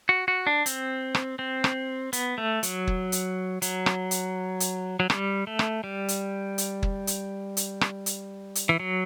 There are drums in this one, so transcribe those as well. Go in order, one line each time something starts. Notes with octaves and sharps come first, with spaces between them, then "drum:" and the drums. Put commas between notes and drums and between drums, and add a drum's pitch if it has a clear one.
F#4
F#4
D4
C4, drum: hi-hat
drum: rim click
C4
drum: rim click
B3, drum: hi-hat
A3
F#3, drum: hi-hat
drum: kick
drum: hi-hat
F#3, drum: hi-hat
drum: rim click
drum: hi-hat
drum: hi-hat
F#3
G3, drum: rim click
A3
drum: rim click
G3
drum: hi-hat
drum: hi-hat
drum: kick
drum: hi-hat
drum: hi-hat
drum: rim click
drum: hi-hat
drum: hi-hat
E3
F#3